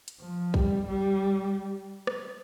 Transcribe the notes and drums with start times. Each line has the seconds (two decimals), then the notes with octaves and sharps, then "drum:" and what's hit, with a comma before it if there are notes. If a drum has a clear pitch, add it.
0.08 drum: hi-hat
0.21 F3
0.54 G3, drum: kick
0.88 G3
2.07 drum: rim click